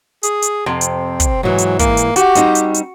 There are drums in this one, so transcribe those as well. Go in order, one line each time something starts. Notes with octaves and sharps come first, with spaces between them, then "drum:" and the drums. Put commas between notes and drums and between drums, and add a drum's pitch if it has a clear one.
G#4, drum: hi-hat
drum: hi-hat
F2 C3 C4
drum: hi-hat
drum: kick, hi-hat
G#2 E3 F#3
drum: hi-hat
A#3, drum: kick, hi-hat
drum: hi-hat
F#4 G4, drum: hi-hat
G3 C4 D#4, drum: hi-hat
drum: hi-hat
drum: hi-hat